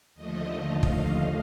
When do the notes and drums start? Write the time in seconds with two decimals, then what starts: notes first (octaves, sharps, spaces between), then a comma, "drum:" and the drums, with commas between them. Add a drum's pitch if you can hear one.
0.15 D#2 D3 F3 A3 D#5
0.66 F5
0.83 drum: kick